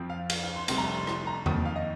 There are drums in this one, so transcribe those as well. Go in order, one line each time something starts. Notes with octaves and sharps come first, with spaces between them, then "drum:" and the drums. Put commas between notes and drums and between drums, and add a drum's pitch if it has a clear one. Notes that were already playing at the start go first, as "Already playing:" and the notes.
Already playing: F2 F3 C4
F5
F5, drum: cymbal
F5
C6
F1 F2 C3 G3 C6, drum: cymbal
A#5
A#5
C6
C6, drum: rim click
A#5
F2 D#3 A#3 D#6, drum: tom E2
F5
D#5